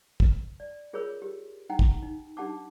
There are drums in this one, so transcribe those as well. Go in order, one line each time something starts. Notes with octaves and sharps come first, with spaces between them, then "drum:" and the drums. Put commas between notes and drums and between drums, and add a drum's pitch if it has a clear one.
drum: kick
D5
F4 G#4 A#4 C#5 B5 E6
G4
D#4 F#5 G5 A#5
drum: kick
D#4
D4 D#4 G4 F#5 A5 D6